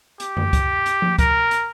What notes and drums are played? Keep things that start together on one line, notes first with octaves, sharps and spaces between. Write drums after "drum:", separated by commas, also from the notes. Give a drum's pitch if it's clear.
G4, drum: hi-hat
drum: tom F#2
drum: kick C#2, hi-hat
drum: hi-hat
drum: tom F3
A#4, drum: kick C#2, hi-hat
drum: hi-hat